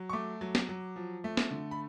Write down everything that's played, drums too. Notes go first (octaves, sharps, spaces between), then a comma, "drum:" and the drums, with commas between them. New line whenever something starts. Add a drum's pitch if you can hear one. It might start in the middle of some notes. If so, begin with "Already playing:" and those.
Already playing: F#3
C#6
A3 D6
F#3
drum: snare
F#3
F3
A3
drum: snare
D3
B5